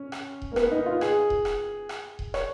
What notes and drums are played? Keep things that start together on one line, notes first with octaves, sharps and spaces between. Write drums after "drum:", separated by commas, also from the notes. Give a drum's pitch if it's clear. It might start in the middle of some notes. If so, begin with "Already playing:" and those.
Already playing: C#4
drum: rim click
drum: kick D#1
A#3
B3, drum: rim click
D#4
F4
G#4, drum: rim click
drum: kick D#1
drum: rim click
drum: rim click
drum: kick D#1
C#5, drum: rim click